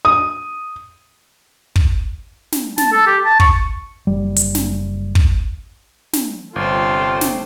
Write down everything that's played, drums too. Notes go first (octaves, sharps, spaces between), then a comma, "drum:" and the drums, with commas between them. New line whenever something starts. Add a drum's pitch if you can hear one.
D#6
drum: kick
drum: snare
A5, drum: snare
A4
G4
A5
C#6, drum: kick
F#1 G3
drum: hi-hat
drum: snare
drum: kick
drum: snare
G1 C3 G3 F4 A4 C5 G5
drum: snare